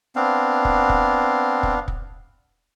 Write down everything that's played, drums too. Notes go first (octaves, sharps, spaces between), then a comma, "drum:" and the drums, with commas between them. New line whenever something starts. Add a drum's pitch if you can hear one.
B3 C4 D4 F5
drum: kick
drum: kick
drum: kick
drum: kick